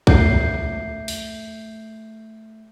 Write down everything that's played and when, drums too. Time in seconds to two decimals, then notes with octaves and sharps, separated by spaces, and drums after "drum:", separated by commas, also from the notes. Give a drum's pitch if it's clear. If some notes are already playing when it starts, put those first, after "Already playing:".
0.07 A3 G6 C7, drum: kick
1.08 drum: open hi-hat